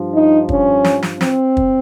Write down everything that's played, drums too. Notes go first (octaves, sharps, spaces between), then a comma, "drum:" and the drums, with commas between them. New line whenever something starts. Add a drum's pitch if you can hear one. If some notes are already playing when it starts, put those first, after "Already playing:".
Already playing: G2 F3
D#4
C#4, drum: kick
drum: snare
drum: snare
C4, drum: snare
drum: kick